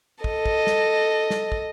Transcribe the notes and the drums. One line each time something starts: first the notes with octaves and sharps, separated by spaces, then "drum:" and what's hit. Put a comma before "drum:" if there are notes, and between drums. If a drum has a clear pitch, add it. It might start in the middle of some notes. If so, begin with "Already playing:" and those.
A4 D#5, drum: kick
drum: kick
drum: snare
drum: snare
drum: kick